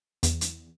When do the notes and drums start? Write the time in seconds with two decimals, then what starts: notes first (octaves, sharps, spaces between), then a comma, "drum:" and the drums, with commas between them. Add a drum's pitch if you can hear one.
0.23 E2, drum: hi-hat
0.41 drum: hi-hat